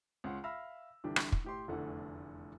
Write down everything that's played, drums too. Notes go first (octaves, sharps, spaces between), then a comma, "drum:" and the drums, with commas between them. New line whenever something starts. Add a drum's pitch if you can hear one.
C#2 C#4 F#5 C6
E5 F5 B5 E6 F6 A#6
C2 D3 E3 D4 G4
drum: rim click
drum: kick
A2 G4 C6
F1 E2 D3 E3 A3 F#5